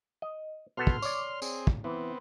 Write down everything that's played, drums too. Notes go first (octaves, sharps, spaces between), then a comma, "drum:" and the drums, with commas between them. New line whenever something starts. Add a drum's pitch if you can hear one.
D#5
B2 B3 A4 C6 F6
drum: kick
C#5 D5, drum: tambourine
C4 G#4, drum: tambourine
drum: kick
E3 B3 C4